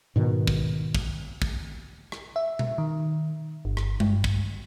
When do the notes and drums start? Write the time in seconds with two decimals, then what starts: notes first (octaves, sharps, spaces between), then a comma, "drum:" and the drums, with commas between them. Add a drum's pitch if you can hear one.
0.16 G#2 B2 D#3
0.47 drum: kick
0.95 drum: kick
1.42 drum: kick
2.12 drum: rim click
2.36 E5
2.59 drum: tom B2
2.78 D#3
3.65 G1
3.77 drum: rim click
4.00 G2, drum: tom G#3
4.24 drum: kick